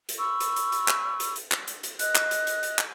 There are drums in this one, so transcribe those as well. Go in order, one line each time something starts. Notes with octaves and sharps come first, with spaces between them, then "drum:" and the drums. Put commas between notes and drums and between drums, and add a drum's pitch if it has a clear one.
drum: hi-hat
B5 C#6 E6
drum: hi-hat
drum: hi-hat
drum: hi-hat
drum: clap
drum: hi-hat
drum: hi-hat
drum: clap
drum: hi-hat
drum: hi-hat
D#5 F#6, drum: hi-hat
drum: clap
drum: hi-hat
drum: hi-hat
drum: hi-hat
drum: clap